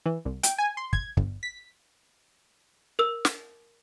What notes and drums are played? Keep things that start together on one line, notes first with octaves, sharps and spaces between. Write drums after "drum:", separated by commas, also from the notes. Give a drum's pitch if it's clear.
E3
C2
G5, drum: hi-hat
G#5
C6
G#6, drum: kick
G1, drum: kick
B6
A#4 E6
drum: snare